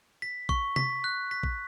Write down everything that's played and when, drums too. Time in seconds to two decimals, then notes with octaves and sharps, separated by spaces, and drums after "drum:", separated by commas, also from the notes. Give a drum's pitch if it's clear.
0.22 B6
0.49 C#6, drum: kick
0.76 B6, drum: tom
1.04 F#6
1.31 B6
1.43 drum: kick